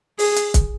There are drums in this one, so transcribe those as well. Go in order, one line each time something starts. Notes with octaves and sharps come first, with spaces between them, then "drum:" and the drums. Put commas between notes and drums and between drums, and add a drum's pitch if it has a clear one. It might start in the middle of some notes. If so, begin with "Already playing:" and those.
G#4, drum: open hi-hat
drum: hi-hat
drum: kick, hi-hat